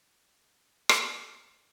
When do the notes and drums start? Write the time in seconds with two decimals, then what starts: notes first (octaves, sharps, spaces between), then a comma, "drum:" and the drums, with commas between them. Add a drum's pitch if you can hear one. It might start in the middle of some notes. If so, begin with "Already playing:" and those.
0.33 E3 A3 D4
0.89 drum: rim click
1.37 B2 G3 A#3 D4